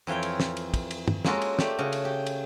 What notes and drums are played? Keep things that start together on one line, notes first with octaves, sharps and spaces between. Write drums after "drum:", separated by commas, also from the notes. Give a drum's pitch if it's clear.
F2 E3 F4 C#5 G5
drum: cymbal
drum: snare
drum: cymbal
drum: kick, cymbal
drum: cymbal
drum: tom
G#3 A#3 C#4 F4 F#4 A4, drum: snare
drum: cymbal
A3 G4 D5, drum: snare
C#3 F#4
drum: cymbal
G4
drum: cymbal